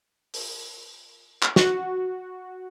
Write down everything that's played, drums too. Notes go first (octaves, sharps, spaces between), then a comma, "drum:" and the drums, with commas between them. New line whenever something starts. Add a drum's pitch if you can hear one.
drum: open hi-hat
drum: clap
F#4, drum: snare